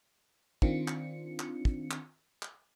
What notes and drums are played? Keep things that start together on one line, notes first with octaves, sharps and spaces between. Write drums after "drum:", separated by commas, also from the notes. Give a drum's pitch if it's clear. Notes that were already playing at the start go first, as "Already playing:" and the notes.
D#3 C4 D4 F4 C#7, drum: kick
drum: clap
drum: clap
drum: kick
drum: clap
drum: clap